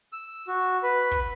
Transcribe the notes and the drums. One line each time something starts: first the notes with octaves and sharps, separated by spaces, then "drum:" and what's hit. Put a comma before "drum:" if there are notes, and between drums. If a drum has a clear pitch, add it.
E6
F#4
B4
drum: kick